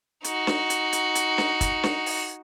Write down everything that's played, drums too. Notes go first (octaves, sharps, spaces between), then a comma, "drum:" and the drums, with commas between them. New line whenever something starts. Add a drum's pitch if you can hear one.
D#4 F#4, drum: hi-hat
drum: snare
drum: hi-hat
drum: hi-hat
drum: hi-hat
drum: snare
drum: kick, hi-hat
drum: snare
drum: open hi-hat